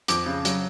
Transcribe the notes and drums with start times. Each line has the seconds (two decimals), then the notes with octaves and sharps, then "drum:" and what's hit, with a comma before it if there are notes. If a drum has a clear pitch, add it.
0.08 F2 D6, drum: hi-hat
0.26 C#3
0.45 F#3, drum: hi-hat